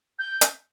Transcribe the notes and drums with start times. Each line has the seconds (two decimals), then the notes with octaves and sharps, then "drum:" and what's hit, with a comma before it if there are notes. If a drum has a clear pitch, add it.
0.19 G6
0.41 drum: hi-hat